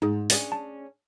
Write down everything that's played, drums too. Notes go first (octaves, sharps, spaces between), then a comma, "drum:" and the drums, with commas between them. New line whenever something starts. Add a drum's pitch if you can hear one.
G#2 D#4 G#4
C#4 D4 G#4 A6, drum: open hi-hat
A5